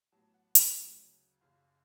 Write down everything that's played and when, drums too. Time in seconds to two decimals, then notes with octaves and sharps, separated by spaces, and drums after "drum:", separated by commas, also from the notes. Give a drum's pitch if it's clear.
0.12 A1 A2 F#3 B3 A5
0.34 F#5
0.55 F5, drum: hi-hat
0.77 D2 C#3 F#3
1.41 F#1 F#2 C#3 F5